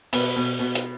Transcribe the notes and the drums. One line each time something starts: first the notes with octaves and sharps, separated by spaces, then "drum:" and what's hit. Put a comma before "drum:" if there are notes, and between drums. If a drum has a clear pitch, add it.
B2 B4, drum: open hi-hat
B2
B2
drum: hi-hat